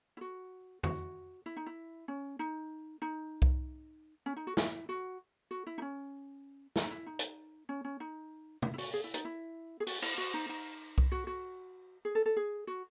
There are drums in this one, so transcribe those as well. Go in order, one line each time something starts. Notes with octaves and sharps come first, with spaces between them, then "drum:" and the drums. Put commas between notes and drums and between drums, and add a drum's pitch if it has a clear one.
E4
F#4
F#4, drum: tom E2
E4
D#4
E4
C#4
D#4
D#4
drum: kick C2
C#4
D#4
F#4
E4, drum: snare
F#4
F#4
E4
D#4
C#4
D#4, drum: snare
E4
D#4
drum: hi-hat
C#4
C#4
D#4
E4, drum: tom C3
E4
F#4, drum: open hi-hat
G#4
E4
D#4, drum: hi-hat
E4
G#4
F#4, drum: open hi-hat
E4, drum: cymbal
F#4
D#4
D#4
drum: kick C2
F#4
F#4
G#4
A4
A4
G#4
F#4